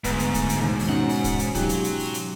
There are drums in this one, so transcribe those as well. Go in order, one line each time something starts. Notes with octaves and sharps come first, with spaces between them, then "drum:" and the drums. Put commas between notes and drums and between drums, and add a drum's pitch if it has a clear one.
D2 G#2 B3, drum: kick, hi-hat
drum: hi-hat
drum: kick, hi-hat
drum: hi-hat
D#2 B2 E3
drum: open hi-hat
C#4 D#4 F#5
drum: open hi-hat
drum: kick, hi-hat
drum: hi-hat
G#2 F#3 F4 G4, drum: kick, hi-hat
drum: hi-hat
drum: hi-hat
drum: open hi-hat
drum: hi-hat